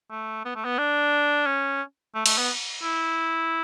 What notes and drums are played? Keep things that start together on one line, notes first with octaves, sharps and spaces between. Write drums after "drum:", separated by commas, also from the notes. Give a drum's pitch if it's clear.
A3
B3
A3
B3
D4
C#4
A3
A3, drum: cymbal
B3
E4